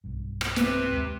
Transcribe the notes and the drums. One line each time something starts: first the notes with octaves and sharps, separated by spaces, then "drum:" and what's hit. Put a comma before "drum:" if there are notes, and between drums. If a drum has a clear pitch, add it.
B1 G2
drum: rim click
C3 B4, drum: snare
D#2 G#3